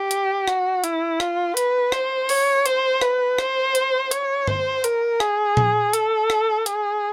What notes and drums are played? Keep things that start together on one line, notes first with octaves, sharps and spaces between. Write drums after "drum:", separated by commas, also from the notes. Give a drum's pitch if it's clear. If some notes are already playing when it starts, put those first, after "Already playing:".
Already playing: G4
drum: hi-hat
F#4, drum: rim click
E4, drum: hi-hat
F4, drum: rim click
B4, drum: hi-hat
C5, drum: rim click
C#5, drum: open hi-hat
C5, drum: hi-hat
B4, drum: rim click
C5, drum: rim click
drum: hi-hat
C#5, drum: hi-hat
C5, drum: tom G2
A#4, drum: hi-hat
G#4, drum: rim click
drum: tom A#2
A4, drum: hi-hat
drum: rim click
G#4, drum: hi-hat